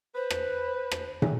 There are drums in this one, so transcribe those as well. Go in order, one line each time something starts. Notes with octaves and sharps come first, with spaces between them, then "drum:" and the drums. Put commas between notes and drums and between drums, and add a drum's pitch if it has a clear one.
B4 C5
drum: rim click
drum: rim click
drum: tom